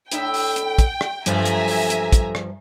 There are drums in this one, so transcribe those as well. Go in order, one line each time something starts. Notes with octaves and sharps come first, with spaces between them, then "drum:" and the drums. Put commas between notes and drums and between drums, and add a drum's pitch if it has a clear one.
A2 D4 E5 G5, drum: hi-hat
drum: open hi-hat
drum: hi-hat
drum: kick, hi-hat
drum: rim click
G2 F3 F#3 A3 F4 E5 G#5 A#5, drum: hi-hat
drum: hi-hat
drum: open hi-hat
drum: hi-hat
drum: kick, hi-hat
drum: rim click